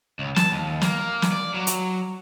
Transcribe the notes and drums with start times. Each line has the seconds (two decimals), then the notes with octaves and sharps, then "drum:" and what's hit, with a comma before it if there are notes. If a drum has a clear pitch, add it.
0.19 C#2
0.36 A5, drum: snare
0.52 D#2
0.81 A#3, drum: snare
1.22 drum: snare
1.32 D5
1.54 F#3
1.67 drum: hi-hat